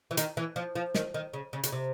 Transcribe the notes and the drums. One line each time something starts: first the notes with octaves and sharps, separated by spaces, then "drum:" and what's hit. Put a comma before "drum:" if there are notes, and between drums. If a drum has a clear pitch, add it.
E3
D#3, drum: hi-hat
E3
F3
F3
D#3, drum: snare
D#3
C#3
C#3
C#3, drum: hi-hat
C3